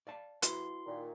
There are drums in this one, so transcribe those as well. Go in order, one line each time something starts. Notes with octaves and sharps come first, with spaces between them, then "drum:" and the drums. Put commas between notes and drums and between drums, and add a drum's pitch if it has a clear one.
D5 F5 A5
E4 F#4 B4 C6, drum: hi-hat
A#2 D#3